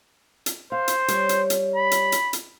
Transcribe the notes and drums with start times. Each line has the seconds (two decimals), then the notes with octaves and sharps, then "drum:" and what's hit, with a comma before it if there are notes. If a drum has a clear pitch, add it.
0.46 drum: hi-hat
0.72 C5 F5
0.88 drum: hi-hat
1.08 G3 C#5, drum: hi-hat
1.29 drum: hi-hat
1.50 drum: hi-hat
1.76 B5
1.91 drum: hi-hat
2.12 drum: hi-hat
2.33 drum: hi-hat